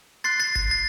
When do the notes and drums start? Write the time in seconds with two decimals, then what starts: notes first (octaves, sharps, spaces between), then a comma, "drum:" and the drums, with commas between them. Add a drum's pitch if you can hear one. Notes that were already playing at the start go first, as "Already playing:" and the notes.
0.24 C6 F#6 A6 C7
0.40 A6 C7
0.55 A6 C7, drum: kick F#1
0.71 A6